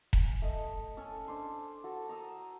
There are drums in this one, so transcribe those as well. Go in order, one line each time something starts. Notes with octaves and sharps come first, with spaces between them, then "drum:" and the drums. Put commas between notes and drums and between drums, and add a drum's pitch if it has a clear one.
G#5, drum: kick E1
A3 D#5
C#4 A4 G#5
D4 C5
F#4 A4
A#5 D#6 E6